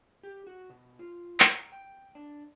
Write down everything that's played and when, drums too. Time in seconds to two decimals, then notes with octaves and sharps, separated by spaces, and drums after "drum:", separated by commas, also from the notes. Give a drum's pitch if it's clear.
0.23 G4
0.47 F#4
0.70 B2
0.99 F4
1.40 drum: clap
1.50 A#5
1.72 G5
2.15 D4